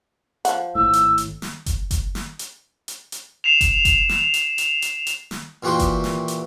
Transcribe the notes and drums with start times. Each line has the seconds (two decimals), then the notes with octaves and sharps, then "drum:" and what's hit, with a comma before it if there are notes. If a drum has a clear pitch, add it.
0.45 F3 F#5, drum: hi-hat
0.75 G#1 A2 E6
0.93 drum: hi-hat
1.18 drum: hi-hat
1.42 drum: snare
1.66 drum: kick F#1, hi-hat
1.91 drum: kick F#1, hi-hat
2.15 drum: snare
2.39 drum: hi-hat
2.88 drum: hi-hat
3.12 drum: hi-hat
3.44 C7 E7 F7
3.61 drum: kick F#1, hi-hat
3.85 drum: kick F#1, hi-hat
4.09 drum: snare
4.34 drum: hi-hat
4.58 drum: hi-hat
4.82 drum: hi-hat
5.07 drum: hi-hat
5.31 drum: snare
5.63 A#2 E3 F#4 G4 C6
5.79 drum: kick F#1, hi-hat
6.04 drum: snare
6.28 drum: hi-hat